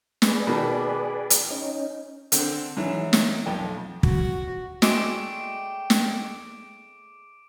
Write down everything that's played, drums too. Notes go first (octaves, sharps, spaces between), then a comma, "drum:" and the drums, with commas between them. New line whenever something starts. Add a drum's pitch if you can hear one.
G#4 B4 D5, drum: snare
B2 D#3
drum: hi-hat
C#4 D#4
D3 C4 A4, drum: hi-hat
G#2 E3 F#3 E5
drum: snare
B1 F2 G5
F#4, drum: kick
G#3 A3 D4 F#4 G5 D6 D7, drum: snare
drum: snare